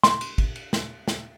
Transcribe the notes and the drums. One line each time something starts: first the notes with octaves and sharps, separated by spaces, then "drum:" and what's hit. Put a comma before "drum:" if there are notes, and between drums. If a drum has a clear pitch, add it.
C6, drum: snare
drum: cymbal
drum: kick, cymbal
drum: cymbal
drum: snare
drum: snare